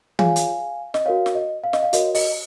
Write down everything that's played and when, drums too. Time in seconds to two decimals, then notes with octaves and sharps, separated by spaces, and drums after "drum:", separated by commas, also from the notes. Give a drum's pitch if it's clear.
0.19 F4 G#4 C#5 F5 G#5, drum: tom
0.36 drum: hi-hat
0.94 D#5, drum: snare
1.06 F#4 A#4 C#5 F5
1.26 drum: snare
1.35 D#5
1.64 F5
1.73 D#5, drum: snare
1.83 F5
1.93 F#4 A#4 C#5 D#5, drum: hi-hat
2.15 D#5, drum: open hi-hat